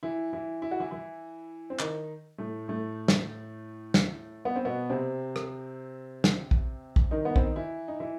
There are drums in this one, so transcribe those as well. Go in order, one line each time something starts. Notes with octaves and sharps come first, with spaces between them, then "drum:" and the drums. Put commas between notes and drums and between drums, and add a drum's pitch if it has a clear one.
E3 E4
E3 E4
E4
F#4
E3 E4
E3 E4
C4
D#3 D#4, drum: clap
A2 A3
A2 A3
drum: snare
drum: snare
B3
C4
B2 B3
C3 C4
drum: rim click
drum: snare
drum: kick
drum: kick
D#3 D#4
B3
C4, drum: kick
D#4
E3 E4
D#4
E3 E4